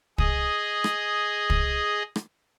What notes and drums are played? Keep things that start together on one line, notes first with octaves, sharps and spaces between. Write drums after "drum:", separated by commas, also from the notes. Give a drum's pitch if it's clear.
G#4 D#5, drum: kick
drum: rim click
drum: kick
drum: rim click